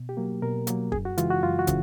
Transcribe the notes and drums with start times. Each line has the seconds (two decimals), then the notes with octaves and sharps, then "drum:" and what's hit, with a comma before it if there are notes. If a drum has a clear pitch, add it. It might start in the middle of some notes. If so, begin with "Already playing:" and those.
Already playing: B2
0.09 G4
0.17 F#3 A#3
0.42 B2 A#4
0.67 F#3 A#3, drum: hi-hat
0.92 F#2 G#4, drum: kick
1.05 F#4
1.18 C#3 E3 G#3 F4, drum: hi-hat
1.31 F#4
1.43 F#2 F4
1.59 F#4
1.67 C#3 E3, drum: kick, hi-hat